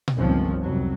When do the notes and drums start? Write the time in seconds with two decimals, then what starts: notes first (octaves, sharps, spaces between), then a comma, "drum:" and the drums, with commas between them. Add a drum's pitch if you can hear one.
0.08 drum: tom A#2
0.17 G1 C#2 D#3 F3 C4 C#4
0.60 C2 F2 F#3